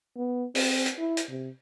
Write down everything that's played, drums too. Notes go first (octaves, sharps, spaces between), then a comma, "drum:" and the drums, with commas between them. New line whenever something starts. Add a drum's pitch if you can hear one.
B3
C4, drum: open hi-hat
drum: hi-hat
E4
drum: hi-hat
C3